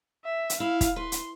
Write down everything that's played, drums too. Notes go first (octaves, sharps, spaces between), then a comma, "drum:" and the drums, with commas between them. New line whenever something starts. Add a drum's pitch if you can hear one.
E5
drum: hi-hat
E4 F5
drum: kick, hi-hat
B4 C6
drum: hi-hat